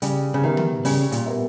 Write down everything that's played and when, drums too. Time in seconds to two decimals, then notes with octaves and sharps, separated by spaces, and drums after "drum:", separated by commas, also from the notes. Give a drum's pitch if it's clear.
0.02 C#3 G3, drum: hi-hat
0.34 C#3
0.43 D#3 B3 G4 A#4 E5
0.57 drum: tom
0.85 C#3 G3, drum: open hi-hat
1.12 A#2, drum: hi-hat
1.26 B3 G4 A#4 E5